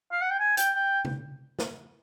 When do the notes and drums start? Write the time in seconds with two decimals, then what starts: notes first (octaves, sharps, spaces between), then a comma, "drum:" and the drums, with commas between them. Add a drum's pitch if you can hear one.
0.12 F5
0.22 F#5
0.30 G5
0.40 G#5
0.57 G5, drum: hi-hat
0.76 G5
1.05 drum: tom C3
1.59 drum: snare